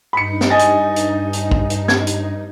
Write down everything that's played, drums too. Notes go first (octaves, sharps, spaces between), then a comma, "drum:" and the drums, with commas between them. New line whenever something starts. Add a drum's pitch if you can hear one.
G2 D#4 B5 C#7
drum: snare
D#5 G#5 A6
drum: hi-hat
drum: hi-hat
drum: hi-hat
drum: kick A#1
drum: hi-hat
G#6, drum: snare
drum: hi-hat